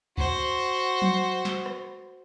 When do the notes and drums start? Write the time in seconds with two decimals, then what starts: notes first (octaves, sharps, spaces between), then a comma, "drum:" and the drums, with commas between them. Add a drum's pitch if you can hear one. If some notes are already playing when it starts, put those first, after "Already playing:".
0.18 F#4 C5, drum: kick C#2
1.02 drum: tom F3
1.45 drum: snare
1.66 drum: rim click